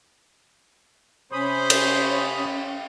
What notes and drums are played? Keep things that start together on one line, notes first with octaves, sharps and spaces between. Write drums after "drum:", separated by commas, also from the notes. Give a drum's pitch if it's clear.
C3 C#4 C5 B5 D#6
drum: cymbal